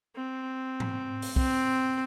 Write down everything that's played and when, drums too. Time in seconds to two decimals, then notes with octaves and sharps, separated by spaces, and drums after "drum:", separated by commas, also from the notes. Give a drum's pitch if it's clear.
0.16 C4
0.80 drum: tom G#2
1.22 drum: open hi-hat
1.36 C4, drum: kick